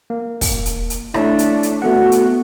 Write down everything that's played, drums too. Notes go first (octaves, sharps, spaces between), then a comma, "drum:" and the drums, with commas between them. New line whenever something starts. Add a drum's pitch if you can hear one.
A#3
drum: kick, open hi-hat
drum: hi-hat
drum: hi-hat
A3 D4 E4 C#5 D5, drum: rim click
drum: hi-hat
drum: hi-hat
A3 B3 F#4 A4 F#5
drum: hi-hat